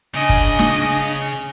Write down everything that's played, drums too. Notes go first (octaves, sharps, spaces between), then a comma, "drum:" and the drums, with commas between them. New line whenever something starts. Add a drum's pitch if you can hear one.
C#3 D4 D#5 G#5
drum: kick
drum: snare